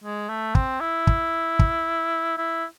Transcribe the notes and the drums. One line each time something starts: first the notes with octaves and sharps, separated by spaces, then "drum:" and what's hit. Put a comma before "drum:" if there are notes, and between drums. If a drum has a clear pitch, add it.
G#3
A3
C4, drum: kick
E4
drum: kick
drum: kick
E4